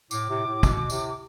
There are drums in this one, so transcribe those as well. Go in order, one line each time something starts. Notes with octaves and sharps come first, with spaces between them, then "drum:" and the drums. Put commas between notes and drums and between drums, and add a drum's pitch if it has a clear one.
A2 D6, drum: tambourine
A2 C3
A2
B2, drum: kick, tambourine
A2 C3, drum: tambourine
D6